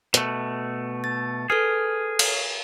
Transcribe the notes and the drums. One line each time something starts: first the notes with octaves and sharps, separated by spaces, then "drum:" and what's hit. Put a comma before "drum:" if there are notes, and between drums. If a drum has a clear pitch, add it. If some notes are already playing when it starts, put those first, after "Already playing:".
B2 A3, drum: hi-hat
A6
G#4 A4 B4 F6
drum: cymbal